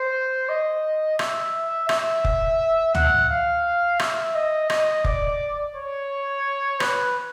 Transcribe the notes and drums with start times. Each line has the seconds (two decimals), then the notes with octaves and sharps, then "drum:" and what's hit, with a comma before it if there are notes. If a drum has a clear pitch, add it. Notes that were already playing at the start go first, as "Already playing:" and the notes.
Already playing: C5
0.49 D#5
1.19 E5, drum: rim click
1.89 E5, drum: rim click
2.25 drum: kick F1
2.95 F#5, drum: tom C#2
3.30 F5
3.99 E5, drum: rim click
4.35 D#5
4.70 D#5, drum: rim click
5.04 D5, drum: kick F1
5.75 C#5
6.80 B4, drum: rim click